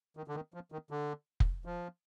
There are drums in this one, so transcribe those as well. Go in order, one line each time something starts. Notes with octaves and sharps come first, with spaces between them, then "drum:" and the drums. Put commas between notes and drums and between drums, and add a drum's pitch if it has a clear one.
D#3
D3
D#3
F3
D#3
D3
drum: kick F1
F3